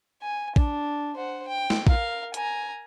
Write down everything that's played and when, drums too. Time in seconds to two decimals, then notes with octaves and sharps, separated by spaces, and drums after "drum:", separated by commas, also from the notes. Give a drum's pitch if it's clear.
0.22 G#5
0.56 D4, drum: kick
1.16 C5 F#5
1.48 G5
1.70 drum: snare
1.87 A#4 F5, drum: kick
2.34 G#5 A#5, drum: hi-hat